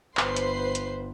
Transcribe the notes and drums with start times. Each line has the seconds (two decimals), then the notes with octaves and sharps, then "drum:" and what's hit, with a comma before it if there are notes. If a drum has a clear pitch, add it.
0.17 G1 B4 C5 C7, drum: clap
0.36 drum: hi-hat
0.75 drum: hi-hat